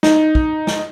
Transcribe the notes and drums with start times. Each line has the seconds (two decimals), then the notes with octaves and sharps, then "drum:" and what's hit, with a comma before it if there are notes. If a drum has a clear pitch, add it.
0.03 D#4, drum: snare
0.35 drum: kick
0.67 drum: snare